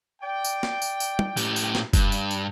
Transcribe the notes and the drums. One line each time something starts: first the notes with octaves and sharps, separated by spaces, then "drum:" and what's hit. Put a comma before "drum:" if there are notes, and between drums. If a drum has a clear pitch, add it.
D5 G5
drum: tambourine
drum: snare
drum: tambourine
drum: tambourine
drum: tom
A2 G4, drum: tambourine
drum: tambourine
drum: snare
G2, drum: kick F1, tambourine
drum: tambourine
drum: tambourine